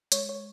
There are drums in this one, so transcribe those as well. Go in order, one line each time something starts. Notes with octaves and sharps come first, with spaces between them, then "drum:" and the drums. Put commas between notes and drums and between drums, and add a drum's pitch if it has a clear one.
G#3 C#5, drum: hi-hat
C#5